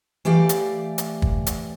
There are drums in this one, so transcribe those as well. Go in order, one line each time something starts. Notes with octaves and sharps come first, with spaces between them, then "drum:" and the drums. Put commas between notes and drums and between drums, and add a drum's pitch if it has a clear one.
E3 A3 G4 D5 F5
drum: hi-hat
drum: hi-hat
drum: kick
drum: hi-hat